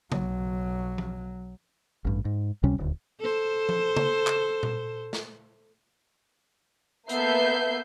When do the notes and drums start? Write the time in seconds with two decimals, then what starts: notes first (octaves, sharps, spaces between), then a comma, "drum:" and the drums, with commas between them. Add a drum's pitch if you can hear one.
0.12 B1 F#3, drum: tom C#3
0.98 drum: tom F3
2.05 A1 G2
2.25 G#2
2.63 C#2 C3 G3 C#4
2.78 D#1 D2
3.20 A4 C5
3.69 drum: tom F3
3.96 drum: tom C#3
4.27 drum: clap
4.63 drum: tom A#2
5.13 drum: snare
7.09 A#3 B3 A4 E5 G6 C7, drum: hi-hat